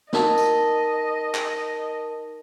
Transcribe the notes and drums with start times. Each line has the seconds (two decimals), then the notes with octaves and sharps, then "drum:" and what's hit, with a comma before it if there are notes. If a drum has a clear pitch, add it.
0.13 D#4 A#4 D#5 A5, drum: snare
0.38 drum: tambourine
1.35 drum: clap